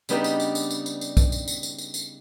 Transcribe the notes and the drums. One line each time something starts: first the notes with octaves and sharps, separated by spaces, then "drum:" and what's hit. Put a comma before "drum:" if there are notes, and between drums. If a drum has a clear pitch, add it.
C#3 G3 B3 D4 D#4 G4, drum: tambourine
drum: tambourine
drum: tambourine
drum: tambourine
drum: tambourine
drum: tambourine
drum: tambourine
drum: kick B1, tambourine
drum: tambourine
drum: tambourine
drum: tambourine
drum: tambourine
drum: tambourine